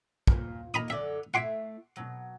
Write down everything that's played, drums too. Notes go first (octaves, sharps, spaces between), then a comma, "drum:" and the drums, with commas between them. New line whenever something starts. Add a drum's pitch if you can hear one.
A#2, drum: kick
A#3 D#4 A#5 B5 D#6
F#2 D3 D5 E5
A3 E4 E5 F#5 C6 D6
B2 F#3